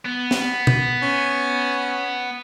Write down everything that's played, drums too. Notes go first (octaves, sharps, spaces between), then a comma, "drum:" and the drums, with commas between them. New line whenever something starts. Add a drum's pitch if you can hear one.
B3
drum: snare
drum: tom
C#4